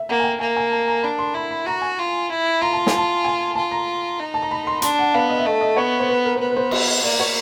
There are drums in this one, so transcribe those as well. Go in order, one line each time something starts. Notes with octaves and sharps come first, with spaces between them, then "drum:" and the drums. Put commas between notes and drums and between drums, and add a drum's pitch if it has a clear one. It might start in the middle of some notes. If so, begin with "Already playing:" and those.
Already playing: E5
A#3 F#5
G#5
G5
A#3 G#5
G#5
A5
A#5
D4 B5
C6
E4 B5
B5
F#4 A#5
G#5
F4
E4
F4 A#5
A5
G#5, drum: snare
A5
G#5
F4 A5
A#5
D#4
A5
A#5
B5
C6
D4 C6, drum: hi-hat
F#5
B3 F5
D#5
E5
A3 D#5
D#5
B3 C#5
C5
B4
A#4
C5
B3 B4
B4
C5
D#5, drum: cymbal
D#5
A#3 D5
C#5